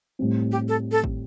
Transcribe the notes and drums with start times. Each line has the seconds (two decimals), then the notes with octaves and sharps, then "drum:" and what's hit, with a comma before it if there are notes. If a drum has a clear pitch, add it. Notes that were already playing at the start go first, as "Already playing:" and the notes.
0.19 A2 G3 C4
0.52 G4
0.68 A4
0.91 A4
1.04 drum: kick G#1